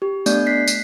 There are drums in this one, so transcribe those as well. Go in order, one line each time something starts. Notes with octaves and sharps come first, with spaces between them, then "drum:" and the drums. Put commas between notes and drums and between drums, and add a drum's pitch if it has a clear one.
G4
A3 B3 D4 D5 G6, drum: tambourine
F#6 B6 C7
drum: tambourine